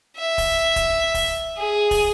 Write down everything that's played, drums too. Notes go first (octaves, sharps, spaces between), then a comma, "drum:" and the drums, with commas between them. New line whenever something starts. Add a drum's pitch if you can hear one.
E5
drum: kick, open hi-hat
drum: kick, hi-hat
drum: kick, open hi-hat
G#4
drum: kick, open hi-hat